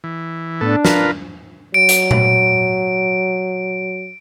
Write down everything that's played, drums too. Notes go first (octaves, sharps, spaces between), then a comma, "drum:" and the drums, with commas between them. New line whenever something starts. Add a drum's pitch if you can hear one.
E3
A2 B3 D4 A4
F4 A#4 B4, drum: snare
F#3 D7
drum: hi-hat
drum: tom A#2